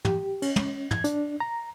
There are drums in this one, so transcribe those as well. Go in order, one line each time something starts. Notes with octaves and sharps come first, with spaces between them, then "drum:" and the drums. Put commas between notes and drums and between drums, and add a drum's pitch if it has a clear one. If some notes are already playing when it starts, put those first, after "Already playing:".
G4, drum: tom
C#4, drum: cymbal
drum: tom
G#6, drum: tom
D4, drum: hi-hat
A#5